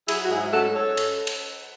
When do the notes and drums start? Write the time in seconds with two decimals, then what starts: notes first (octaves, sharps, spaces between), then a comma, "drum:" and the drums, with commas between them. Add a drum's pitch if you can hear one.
0.08 F#3 E4 G#4, drum: cymbal
0.24 F#4
0.31 G#2 E4 G#4
0.53 C#4 F#4 A4
0.75 A4 C#5
0.97 drum: cymbal
1.27 drum: cymbal